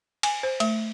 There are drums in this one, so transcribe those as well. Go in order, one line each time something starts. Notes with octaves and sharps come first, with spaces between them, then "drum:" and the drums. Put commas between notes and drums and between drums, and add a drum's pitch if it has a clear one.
G#5, drum: cymbal
C5
A3, drum: cymbal